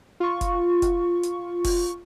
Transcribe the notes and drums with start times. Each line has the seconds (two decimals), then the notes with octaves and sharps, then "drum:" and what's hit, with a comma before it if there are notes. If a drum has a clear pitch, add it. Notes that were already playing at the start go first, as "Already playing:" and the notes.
0.20 F4 C#6
0.41 drum: kick F1, hi-hat
0.82 drum: kick F1, hi-hat
1.23 drum: hi-hat
1.64 drum: kick F1, open hi-hat